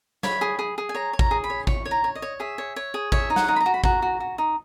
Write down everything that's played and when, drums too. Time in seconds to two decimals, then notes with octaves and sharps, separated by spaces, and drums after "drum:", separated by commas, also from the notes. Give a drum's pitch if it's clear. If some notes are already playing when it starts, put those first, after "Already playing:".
0.23 C#5 B5, drum: snare
0.41 G#4
0.59 G#4
0.78 G#4
0.89 G#5
0.95 C#5 A#5
1.13 C#5
1.19 A#5, drum: kick G#1
1.31 G#4
1.44 B5
1.50 C#5
1.67 C#5 C#6, drum: kick G#1
1.85 C#5
1.91 A#5
2.04 C#5
2.15 D#5
2.22 C#5
2.40 G#4 E5
2.58 C#5
2.76 C#5
2.94 G#4
3.12 C#5 E5, drum: kick G#1
3.30 D#4
3.36 F#5, drum: snare
3.48 D#4
3.56 B5
3.60 A#5
3.66 F#4
3.74 B5
3.84 F#4 A#5, drum: kick G#1
4.02 F#4
4.20 F#4
4.38 D#4